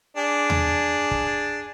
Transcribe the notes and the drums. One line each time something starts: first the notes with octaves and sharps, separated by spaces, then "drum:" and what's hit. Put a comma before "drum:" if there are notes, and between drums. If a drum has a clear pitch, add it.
D4 G#4
drum: tom D#2
drum: kick